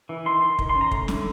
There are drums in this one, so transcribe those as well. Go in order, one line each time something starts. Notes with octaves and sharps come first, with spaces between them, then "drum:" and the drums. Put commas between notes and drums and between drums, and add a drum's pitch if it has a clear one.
E3
D#3 C6
D#3
D#3, drum: kick
C6
C#4
A#5
A3, drum: kick
D3, drum: snare